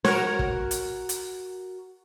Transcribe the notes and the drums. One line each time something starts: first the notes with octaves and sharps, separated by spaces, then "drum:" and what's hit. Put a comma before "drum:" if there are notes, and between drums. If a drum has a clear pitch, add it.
F#4 A#4 C#5, drum: snare
drum: kick
drum: hi-hat
drum: hi-hat